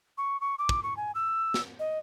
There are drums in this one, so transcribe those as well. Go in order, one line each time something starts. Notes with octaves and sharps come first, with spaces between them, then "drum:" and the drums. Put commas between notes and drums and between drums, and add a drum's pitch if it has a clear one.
C#6
C#6
D6
drum: kick
C#6
G#5
E6
drum: snare
D#5